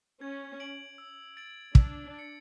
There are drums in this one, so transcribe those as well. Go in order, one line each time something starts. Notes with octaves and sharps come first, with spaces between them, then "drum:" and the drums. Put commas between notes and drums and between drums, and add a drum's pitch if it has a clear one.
C#4 G#6
D7 F#7
E6
A6 D7 F#7
D4 E6, drum: kick
A6 C#7